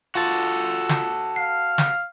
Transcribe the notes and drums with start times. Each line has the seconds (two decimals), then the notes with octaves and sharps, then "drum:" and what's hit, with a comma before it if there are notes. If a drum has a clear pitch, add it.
0.15 F4 F#4 A4 A6
0.89 drum: snare
1.36 F5 C7
1.78 drum: snare